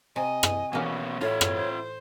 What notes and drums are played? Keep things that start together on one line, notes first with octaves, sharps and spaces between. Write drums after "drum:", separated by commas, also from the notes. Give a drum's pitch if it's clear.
C3 D#5 G#5
drum: rim click
B2 E3 A#3 C#4 F#4
A2 F4 C#5 E5
drum: rim click
C5